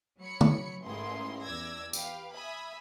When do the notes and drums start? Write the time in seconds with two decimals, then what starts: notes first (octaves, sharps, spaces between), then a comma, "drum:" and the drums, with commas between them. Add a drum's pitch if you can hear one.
0.20 F#3 C#5 B5 C#7
0.41 drum: tom
0.82 A1 G#2 A#3 E4 G#4 C6
1.41 E2 D5 E6 G#6 A#6
1.93 G4 B4 F5, drum: tambourine
2.35 E5 G#5 B5 D#6 E6